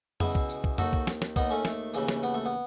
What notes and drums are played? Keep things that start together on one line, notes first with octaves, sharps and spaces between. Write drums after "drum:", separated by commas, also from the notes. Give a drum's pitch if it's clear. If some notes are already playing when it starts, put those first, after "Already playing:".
C#2 B2 E4 G#4, drum: tom F2
drum: kick
drum: tambourine
drum: kick
D#2 D#3 F#4 A4, drum: tom F2
drum: kick
drum: snare
drum: snare
D#2 D#3 B3 D#4, drum: kick, tambourine
A3 C#4
A3, drum: snare
D#2 C#3 E3, drum: tambourine
drum: snare
B3, drum: tambourine
A3
B3